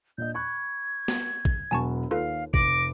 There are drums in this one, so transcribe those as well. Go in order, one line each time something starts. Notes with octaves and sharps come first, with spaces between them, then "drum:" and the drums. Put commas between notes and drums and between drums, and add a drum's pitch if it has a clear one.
A#2 D4 D#5 G6
B5 C#6 F#6 G#6
drum: snare
drum: kick
E1 F#3 B3 G#5 A5 C#6
D#2 F4 A4 B4 F5
F1 D6 A#6, drum: kick